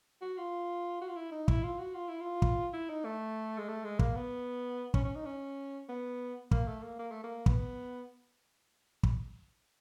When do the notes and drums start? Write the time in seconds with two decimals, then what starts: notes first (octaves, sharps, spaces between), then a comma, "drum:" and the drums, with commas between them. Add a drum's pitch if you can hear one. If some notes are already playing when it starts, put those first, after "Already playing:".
0.21 F#4
0.38 F4
1.01 F#4
1.08 F4
1.16 E4
1.32 D#4
1.48 E4, drum: kick
1.63 F4
1.79 F#4
1.94 F4
2.08 E4
2.20 F4
2.42 drum: kick
2.73 E4
2.89 D#4
3.05 A3
3.58 G#3
3.69 A3
3.84 G#3
3.99 A#3, drum: kick
4.16 B3
4.94 C#4, drum: kick
5.05 C#4
5.15 D#4
5.25 C#4
5.89 B3
6.51 A#3, drum: kick
6.68 A3
6.83 A#3
6.99 A#3
7.11 A3
7.24 A#3
7.46 B3, drum: kick
9.03 drum: kick